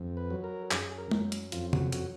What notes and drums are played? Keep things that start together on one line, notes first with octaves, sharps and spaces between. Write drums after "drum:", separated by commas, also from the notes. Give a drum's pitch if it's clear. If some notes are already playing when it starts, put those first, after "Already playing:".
Already playing: F2
B4
F#3
A#4
F#2 G#4, drum: clap
A#4
F#2, drum: tom G#3
drum: hi-hat
F2 F4, drum: hi-hat
F#4, drum: tom C3
F#3 F#4, drum: hi-hat